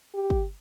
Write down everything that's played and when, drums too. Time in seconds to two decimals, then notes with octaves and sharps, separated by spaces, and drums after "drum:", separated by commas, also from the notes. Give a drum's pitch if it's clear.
0.14 G4
0.30 drum: kick